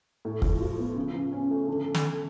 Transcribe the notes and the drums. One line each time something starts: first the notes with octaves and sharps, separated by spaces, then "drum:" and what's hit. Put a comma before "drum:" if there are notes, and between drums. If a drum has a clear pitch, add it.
A2
F3, drum: kick
F4
B3
C#3
F3
C#4
A3
D3
drum: snare